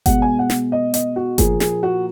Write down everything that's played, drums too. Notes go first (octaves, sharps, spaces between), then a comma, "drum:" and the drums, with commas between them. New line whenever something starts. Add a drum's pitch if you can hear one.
B2 G#3 B3 F#5, drum: kick G1, hi-hat
G#5
F#5
drum: snare
D#5
D#5, drum: hi-hat
F#4
A#2 F3 A#3 G#4, drum: kick G1, hi-hat
G#4, drum: snare
F#4